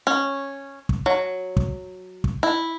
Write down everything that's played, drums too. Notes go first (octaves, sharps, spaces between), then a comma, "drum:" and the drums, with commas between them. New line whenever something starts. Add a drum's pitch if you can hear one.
C#4
drum: kick
F#3
drum: kick
drum: kick
E4